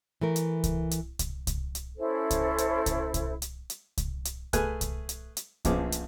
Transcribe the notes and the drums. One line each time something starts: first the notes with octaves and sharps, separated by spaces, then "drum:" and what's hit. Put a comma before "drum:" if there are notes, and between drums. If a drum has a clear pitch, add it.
E3 A3 A#4
drum: hi-hat
drum: kick C2, hi-hat
drum: hi-hat
drum: kick C2, hi-hat
drum: kick C2, hi-hat
drum: hi-hat
C#4 E4 A4 C5
drum: kick C2, hi-hat
drum: hi-hat
drum: kick C2, hi-hat
drum: kick C2, hi-hat
drum: hi-hat
drum: hi-hat
drum: kick C2, hi-hat
drum: hi-hat
A3 G#4 B4 G#5 F6 F#6, drum: kick C2, hi-hat
drum: kick C2, hi-hat
drum: hi-hat
drum: hi-hat
A#1 F#2 F3 B3 G#4 D6, drum: kick C2, hi-hat
drum: hi-hat